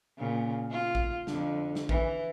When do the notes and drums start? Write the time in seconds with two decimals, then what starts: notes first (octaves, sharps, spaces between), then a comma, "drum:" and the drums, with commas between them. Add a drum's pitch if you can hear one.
0.18 A#2 C#3
0.71 F4
0.95 drum: kick A1
1.27 F2 D3, drum: snare
1.75 drum: snare
1.89 E3, drum: kick A1